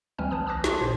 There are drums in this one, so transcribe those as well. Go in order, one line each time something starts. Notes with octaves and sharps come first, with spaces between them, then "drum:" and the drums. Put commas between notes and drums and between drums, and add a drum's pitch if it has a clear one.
D2 E3 G3 C4 G#5 F6
B1 B4 A5 D#6
A5 D6 D#6 F#6 A#6
A5 C6, drum: snare
A1 A#2 C5